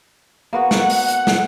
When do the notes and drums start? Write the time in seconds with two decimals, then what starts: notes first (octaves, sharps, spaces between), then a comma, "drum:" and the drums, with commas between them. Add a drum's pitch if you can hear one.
0.53 A#3 B3 F#4
0.71 F#5, drum: snare
0.90 drum: open hi-hat
1.08 drum: hi-hat
1.27 drum: snare